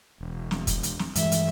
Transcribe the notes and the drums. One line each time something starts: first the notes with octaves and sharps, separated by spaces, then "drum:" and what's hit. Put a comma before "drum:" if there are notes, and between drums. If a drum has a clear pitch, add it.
E1
drum: snare
drum: kick, hi-hat
drum: hi-hat
drum: snare
G2 E3 G#3 E5, drum: hi-hat
drum: hi-hat